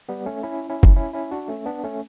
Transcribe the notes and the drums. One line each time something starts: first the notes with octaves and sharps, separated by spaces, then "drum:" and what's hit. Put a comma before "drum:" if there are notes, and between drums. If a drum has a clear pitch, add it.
G3 B3
A3 C#4
C#4 E4
C#4 E4
drum: kick F#1
C#4 E4
C#4 E4
D4 F#4
A3 C#4
B3 D4
A3 C#4